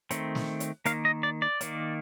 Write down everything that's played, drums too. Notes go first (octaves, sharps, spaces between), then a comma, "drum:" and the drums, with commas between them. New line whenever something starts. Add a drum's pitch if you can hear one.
D#3 A3 C4, drum: hi-hat
drum: snare
drum: hi-hat
D#3 A#3 F5, drum: hi-hat
D#5
D5
D5
D#3 A#3, drum: hi-hat